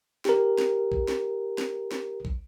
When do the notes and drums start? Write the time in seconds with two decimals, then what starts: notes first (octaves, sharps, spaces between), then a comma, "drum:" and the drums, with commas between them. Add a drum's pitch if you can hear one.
0.25 G4 A#4, drum: snare
0.58 drum: snare
0.92 drum: kick
1.08 drum: snare
1.58 drum: snare
1.91 drum: snare
2.25 drum: kick